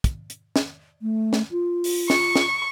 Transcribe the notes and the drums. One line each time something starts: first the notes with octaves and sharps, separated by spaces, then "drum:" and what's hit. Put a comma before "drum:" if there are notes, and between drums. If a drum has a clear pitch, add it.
drum: kick, hi-hat
drum: hi-hat
drum: snare
A3
drum: snare
F4
drum: open hi-hat
C#6, drum: snare
drum: snare